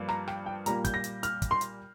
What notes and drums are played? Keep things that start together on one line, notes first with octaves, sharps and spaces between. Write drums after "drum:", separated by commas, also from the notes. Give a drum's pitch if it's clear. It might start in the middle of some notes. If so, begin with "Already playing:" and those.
Already playing: G2 F3 A#3
A#5, drum: rim click
G5, drum: rim click
G5
A#2 G3 A#3 A#5, drum: hi-hat
G6, drum: kick, hi-hat
A#6
drum: hi-hat
F6, drum: hi-hat
drum: kick, hi-hat
C6
drum: hi-hat